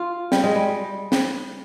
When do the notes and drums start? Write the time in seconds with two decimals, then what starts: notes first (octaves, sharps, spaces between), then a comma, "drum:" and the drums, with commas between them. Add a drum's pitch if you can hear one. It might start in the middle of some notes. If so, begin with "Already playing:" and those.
Already playing: F4
0.32 G3, drum: snare
0.44 G#3
0.55 G3
1.12 drum: snare